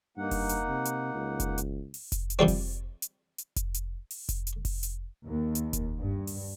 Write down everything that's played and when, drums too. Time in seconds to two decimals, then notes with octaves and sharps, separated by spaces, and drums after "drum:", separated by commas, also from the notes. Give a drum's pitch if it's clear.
0.17 G2 A#3 D#4 F#5
0.31 drum: kick F1, open hi-hat
0.49 drum: hi-hat
0.67 C3
0.85 drum: hi-hat
1.14 C#2
1.40 drum: kick F1, hi-hat
1.58 drum: hi-hat
1.94 drum: open hi-hat
2.12 drum: kick F1, hi-hat
2.30 drum: hi-hat
2.39 C3 F3 G3 C4
2.48 drum: kick F1, open hi-hat
3.02 drum: hi-hat
3.38 drum: hi-hat
3.56 drum: kick F1, hi-hat
3.74 drum: hi-hat
4.11 drum: open hi-hat
4.29 drum: kick F1, hi-hat
4.47 drum: hi-hat
4.65 drum: kick F1, open hi-hat
4.83 drum: hi-hat
5.27 D#2
5.55 drum: hi-hat
5.73 drum: kick F1, hi-hat
5.98 G2
6.27 drum: open hi-hat